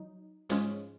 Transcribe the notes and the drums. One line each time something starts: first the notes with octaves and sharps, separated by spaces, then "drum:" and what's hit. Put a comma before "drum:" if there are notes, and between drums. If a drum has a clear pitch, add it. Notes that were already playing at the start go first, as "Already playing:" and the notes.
Already playing: F#3 D#4
G#2 F3 G#3 C#4, drum: hi-hat